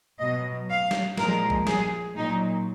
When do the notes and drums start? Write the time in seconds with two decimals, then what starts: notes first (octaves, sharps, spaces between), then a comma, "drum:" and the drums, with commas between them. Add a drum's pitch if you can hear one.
0.19 B2 F#3 D#5
0.68 F5
0.91 drum: snare
1.18 A#2 F3 G#3 A#4, drum: snare
1.50 drum: kick
1.67 G#4, drum: snare
2.16 A#2 F#3 D#4